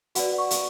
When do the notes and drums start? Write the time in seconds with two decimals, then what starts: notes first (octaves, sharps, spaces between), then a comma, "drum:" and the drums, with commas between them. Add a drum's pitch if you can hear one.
0.15 F#4 B4 D5 F#5, drum: hi-hat
0.38 C#6
0.51 drum: hi-hat